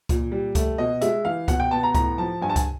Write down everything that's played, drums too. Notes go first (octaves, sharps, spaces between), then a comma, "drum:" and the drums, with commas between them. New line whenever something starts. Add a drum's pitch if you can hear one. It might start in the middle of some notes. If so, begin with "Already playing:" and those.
A#2, drum: kick C#2, hi-hat
G3
A3, drum: kick C#2, hi-hat
B2 D#5
G#3 E5, drum: hi-hat
E3 F5
B2 F#5, drum: kick C#2, hi-hat
G5
B3 A5
A#5
A2 A#5, drum: kick C#2, hi-hat
F3 A5
G2 G#5
A5
G#5, drum: kick C#2, hi-hat